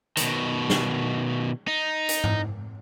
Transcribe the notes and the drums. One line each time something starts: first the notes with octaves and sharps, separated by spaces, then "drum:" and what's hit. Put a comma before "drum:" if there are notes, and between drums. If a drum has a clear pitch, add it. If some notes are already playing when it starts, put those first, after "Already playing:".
B2 D#3, drum: hi-hat
drum: snare
D#4
drum: hi-hat
drum: tom G#2